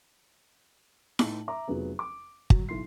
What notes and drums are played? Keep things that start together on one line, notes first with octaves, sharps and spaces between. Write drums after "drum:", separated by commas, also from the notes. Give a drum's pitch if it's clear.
A2 D#4 A5 F#7, drum: snare E4
E5 A#5 D6
F1 F3 F#3 B3 G#4
D6
F#3, drum: kick
B1 E4 C6 C7